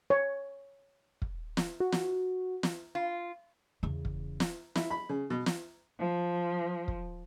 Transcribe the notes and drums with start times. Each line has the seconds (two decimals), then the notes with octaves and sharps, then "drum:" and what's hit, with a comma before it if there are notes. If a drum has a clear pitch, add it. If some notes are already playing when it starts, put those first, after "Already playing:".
0.10 C#5
1.22 drum: kick
1.57 drum: snare
1.80 F#4
1.92 drum: snare
2.63 drum: snare
2.95 F4
3.83 E2 C#3
4.05 drum: kick
4.40 drum: snare
4.75 E4, drum: snare
4.90 B5
5.09 C#3
5.30 B2
5.46 drum: snare
5.99 F3
6.88 drum: kick